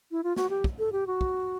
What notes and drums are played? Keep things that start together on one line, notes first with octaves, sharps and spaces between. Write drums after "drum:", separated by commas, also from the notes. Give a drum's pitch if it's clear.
E4
F4
F#4, drum: snare
G4
drum: kick
A4
G4
F#4
drum: kick